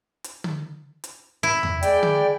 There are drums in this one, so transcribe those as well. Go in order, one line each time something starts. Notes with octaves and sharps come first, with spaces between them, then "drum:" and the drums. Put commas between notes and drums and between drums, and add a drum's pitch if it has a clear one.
drum: hi-hat
drum: tom D3
drum: hi-hat
E4
drum: tom E2
G#3 D5 G5, drum: hi-hat
drum: tom D3